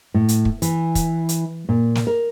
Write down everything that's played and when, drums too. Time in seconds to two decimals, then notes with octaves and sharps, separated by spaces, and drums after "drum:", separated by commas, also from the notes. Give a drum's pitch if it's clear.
0.14 A2
0.28 drum: hi-hat
0.45 drum: kick
0.62 E3, drum: hi-hat
0.95 drum: kick, hi-hat
1.29 drum: hi-hat
1.69 A#2
1.95 drum: snare
2.07 A#4